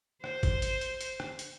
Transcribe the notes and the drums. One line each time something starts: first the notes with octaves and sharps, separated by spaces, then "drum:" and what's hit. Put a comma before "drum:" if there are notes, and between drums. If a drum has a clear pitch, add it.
C5, drum: rim click
drum: kick G#1, hi-hat
drum: hi-hat
drum: hi-hat
drum: hi-hat
drum: rim click
drum: hi-hat